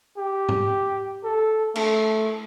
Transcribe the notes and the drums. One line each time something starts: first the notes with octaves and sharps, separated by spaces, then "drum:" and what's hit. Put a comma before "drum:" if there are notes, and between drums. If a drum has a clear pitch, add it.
G4
drum: tom
A4
A3, drum: cymbal